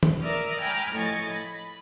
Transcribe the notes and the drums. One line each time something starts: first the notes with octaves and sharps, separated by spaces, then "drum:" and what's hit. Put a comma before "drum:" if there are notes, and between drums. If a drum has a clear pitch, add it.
drum: tom D#3
A#4 D5 E5 D#6 F6
G5 G#5 A#5 B5 D6 F6
A2 F3 D#5 G#5 C#6 A6
B5